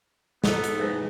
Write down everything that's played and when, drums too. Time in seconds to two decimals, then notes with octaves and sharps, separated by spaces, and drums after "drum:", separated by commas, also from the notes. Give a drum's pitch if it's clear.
0.44 G#2 B3 D#4 A4, drum: snare
0.64 drum: hi-hat
0.79 G#4 B4 C5